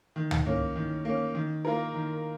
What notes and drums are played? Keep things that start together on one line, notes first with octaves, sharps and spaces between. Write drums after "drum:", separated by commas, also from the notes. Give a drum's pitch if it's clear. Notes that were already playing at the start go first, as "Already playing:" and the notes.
D#3
drum: tom C#2
A#3 C#4
D#3
A#3 C#4
D#3
A#3 F4 A#4
D#3